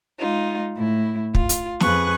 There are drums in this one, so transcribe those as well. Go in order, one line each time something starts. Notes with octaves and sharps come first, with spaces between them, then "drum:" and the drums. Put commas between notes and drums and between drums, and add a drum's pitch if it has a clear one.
G#3 D#4 F4
A2 E4
F4, drum: kick
drum: hi-hat
F2 G#4 B4 C#6 F#6, drum: snare